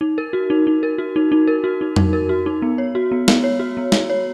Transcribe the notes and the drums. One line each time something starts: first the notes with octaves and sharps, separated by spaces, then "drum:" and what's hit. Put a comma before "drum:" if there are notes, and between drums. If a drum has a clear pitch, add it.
D#4
A#4
F#4
D#4
D#4
A#4
F#4
D#4
D#4
A#4
F#4
D#4
D#4, drum: tom F2
A#4
F#4
D#4
B3
C#5
F#4
B3
B3, drum: snare
C#5
F#4
B3
B3, drum: snare
C#5